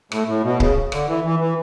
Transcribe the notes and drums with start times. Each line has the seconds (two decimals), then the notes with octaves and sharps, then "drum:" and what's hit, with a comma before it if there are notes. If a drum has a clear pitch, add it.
0.12 A2, drum: rim click
0.28 A2
0.44 B2
0.60 C#3, drum: kick C#1
0.92 D3, drum: rim click
1.08 E3
1.24 E3
1.40 E3